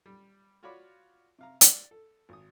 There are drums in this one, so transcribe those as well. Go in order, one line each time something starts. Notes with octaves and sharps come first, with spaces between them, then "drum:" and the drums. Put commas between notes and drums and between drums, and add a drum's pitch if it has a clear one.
G3
F4 F#4 C#5 D5 B5 D6
C3 F5 A#5
D5 E6, drum: hi-hat
A4
G#1 D#6